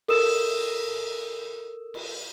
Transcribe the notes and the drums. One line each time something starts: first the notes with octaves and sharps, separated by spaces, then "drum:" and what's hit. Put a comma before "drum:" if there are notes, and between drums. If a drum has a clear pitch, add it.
A4 A#4 D#6 E6 E7, drum: cymbal
drum: cymbal